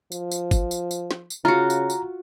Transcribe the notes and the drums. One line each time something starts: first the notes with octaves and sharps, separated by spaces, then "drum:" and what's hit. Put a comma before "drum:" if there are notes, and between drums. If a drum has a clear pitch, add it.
F3, drum: tambourine
drum: tambourine
drum: kick, tambourine
drum: tambourine
drum: tambourine
drum: snare
drum: tambourine
C#3 F4 F#4 A#5
drum: tambourine
drum: tambourine